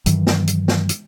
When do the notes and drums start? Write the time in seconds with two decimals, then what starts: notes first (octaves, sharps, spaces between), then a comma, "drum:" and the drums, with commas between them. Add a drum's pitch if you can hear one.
0.06 G2 D#3 E3 F#3, drum: hi-hat
0.27 drum: snare
0.47 drum: hi-hat
0.68 drum: snare
0.89 drum: hi-hat